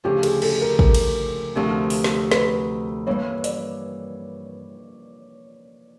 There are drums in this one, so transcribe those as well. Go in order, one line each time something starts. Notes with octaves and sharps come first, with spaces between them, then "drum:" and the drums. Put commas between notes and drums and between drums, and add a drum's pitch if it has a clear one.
D2 C#3 F3 G4
G#4, drum: cymbal
A4, drum: cymbal
A#4
drum: kick
drum: cymbal
D2 C3 F3
drum: open hi-hat
drum: snare
B4, drum: snare
G2 E3 G3 A#3 C#5
D5, drum: hi-hat